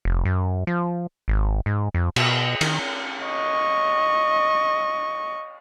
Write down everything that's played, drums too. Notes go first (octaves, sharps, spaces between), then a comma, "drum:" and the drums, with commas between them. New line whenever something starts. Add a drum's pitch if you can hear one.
F1
F#2
F3
G#1
G#2
F2
B2, drum: cymbal
D#3, drum: cymbal
D#5 C#6